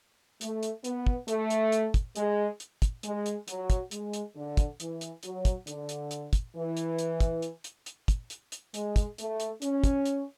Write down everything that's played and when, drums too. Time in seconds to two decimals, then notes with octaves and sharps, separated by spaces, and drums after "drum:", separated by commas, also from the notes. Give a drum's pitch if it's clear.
0.41 A3, drum: hi-hat
0.63 drum: hi-hat
0.84 B3, drum: hi-hat
1.07 drum: kick
1.28 A3, drum: hi-hat
1.50 drum: hi-hat
1.72 drum: hi-hat
1.94 drum: kick, hi-hat
2.16 G#3, drum: hi-hat
2.60 drum: hi-hat
2.82 drum: kick, hi-hat
3.03 G#3, drum: hi-hat
3.26 drum: hi-hat
3.48 F#3, drum: hi-hat
3.70 drum: kick, hi-hat
3.91 G#3, drum: hi-hat
4.13 drum: hi-hat
4.35 D3
4.57 drum: kick, hi-hat
4.80 E3, drum: hi-hat
5.01 drum: hi-hat
5.23 F#3, drum: hi-hat
5.45 drum: kick, hi-hat
5.67 D3, drum: hi-hat
5.89 drum: hi-hat
6.11 drum: hi-hat
6.33 drum: kick, hi-hat
6.55 E3
6.77 drum: hi-hat
6.99 drum: hi-hat
7.20 drum: kick, hi-hat
7.42 drum: hi-hat
7.64 drum: hi-hat
7.86 drum: hi-hat
8.08 drum: kick, hi-hat
8.30 drum: hi-hat
8.52 drum: hi-hat
8.74 G#3, drum: hi-hat
8.96 drum: kick, hi-hat
9.18 A3, drum: hi-hat
9.40 drum: hi-hat
9.62 C#4, drum: hi-hat
9.84 drum: kick, hi-hat
10.05 drum: hi-hat